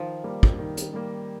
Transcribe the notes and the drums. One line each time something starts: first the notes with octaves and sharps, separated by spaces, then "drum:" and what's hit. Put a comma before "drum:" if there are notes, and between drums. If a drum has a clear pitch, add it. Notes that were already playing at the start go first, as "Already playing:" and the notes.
Already playing: D#3 F3
G3 A#3
drum: kick
D#3
drum: hi-hat
G3 A#3